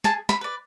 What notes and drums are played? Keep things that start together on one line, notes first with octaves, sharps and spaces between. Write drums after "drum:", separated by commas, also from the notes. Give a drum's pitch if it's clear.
G#4 A5, drum: snare
B5, drum: snare
B4 D5